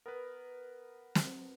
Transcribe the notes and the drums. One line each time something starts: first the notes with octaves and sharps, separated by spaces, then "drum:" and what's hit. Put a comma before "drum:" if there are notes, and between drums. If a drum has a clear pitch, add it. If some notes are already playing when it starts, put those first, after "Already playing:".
B3 A#4 B4
drum: snare